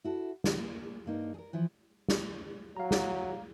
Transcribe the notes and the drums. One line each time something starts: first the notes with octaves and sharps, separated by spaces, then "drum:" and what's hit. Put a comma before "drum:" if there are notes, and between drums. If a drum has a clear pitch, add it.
E4 F#4 A4
D3 F#3, drum: snare
A#3 G#4
G2 A#3 D#4
G#4 A#4
E3 F3 E4
drum: snare
F#3 F5 A#5
drum: snare